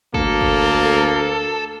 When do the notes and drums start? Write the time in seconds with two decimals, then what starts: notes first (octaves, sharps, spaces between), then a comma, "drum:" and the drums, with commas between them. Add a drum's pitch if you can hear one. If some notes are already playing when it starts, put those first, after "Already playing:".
0.14 D2 A#3 A4, drum: kick
0.41 drum: kick